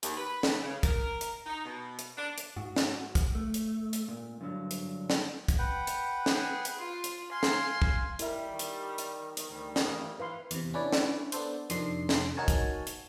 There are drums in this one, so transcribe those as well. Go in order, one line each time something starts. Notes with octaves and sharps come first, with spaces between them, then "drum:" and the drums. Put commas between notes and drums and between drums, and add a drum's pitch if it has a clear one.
D#2, drum: hi-hat
B4
drum: snare
C#3
A#4, drum: kick, hi-hat
drum: hi-hat
D#4
B2
drum: hi-hat
D4
drum: hi-hat
G#2 F#4
drum: snare
drum: kick, hi-hat
A3
drum: hi-hat
drum: hi-hat
A#2
G2 D3 F#3
drum: hi-hat
drum: snare
drum: kick, hi-hat
B4 F#5 G5
drum: hi-hat
G#4, drum: snare
drum: hi-hat
F4 C6
drum: hi-hat
F5 G#5 C6
drum: snare
drum: kick
G3 E4 A#4 D#5 E5, drum: hi-hat
D#3
drum: hi-hat
drum: hi-hat
drum: hi-hat
D2 G3
drum: snare
E3 A#3 F5 D#6
E3 B4 F5 C6
E2 C3, drum: hi-hat
C#4 D4 E4 B4 C#5 D5
drum: snare
B3 D4 A4 C5, drum: hi-hat
F2 C3 D#3 D4 C6 C7, drum: hi-hat
drum: snare
D#4 F#4 A#4 C#5 G#5 A5
drum: kick, hi-hat
drum: hi-hat